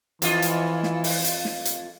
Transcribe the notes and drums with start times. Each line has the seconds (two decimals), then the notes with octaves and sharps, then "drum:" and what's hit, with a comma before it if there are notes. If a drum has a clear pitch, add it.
0.22 F2 E3 F4 D#5, drum: hi-hat
0.42 drum: hi-hat
0.83 drum: snare
1.04 drum: open hi-hat
1.24 drum: hi-hat
1.45 drum: snare
1.65 drum: hi-hat